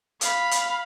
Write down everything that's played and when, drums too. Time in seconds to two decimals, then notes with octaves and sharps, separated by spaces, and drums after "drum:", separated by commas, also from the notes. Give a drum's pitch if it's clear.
0.21 F5 B5, drum: hi-hat
0.51 drum: hi-hat